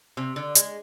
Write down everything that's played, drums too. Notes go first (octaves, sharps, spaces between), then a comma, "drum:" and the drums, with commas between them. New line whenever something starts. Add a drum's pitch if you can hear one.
C3
D3
G#3, drum: hi-hat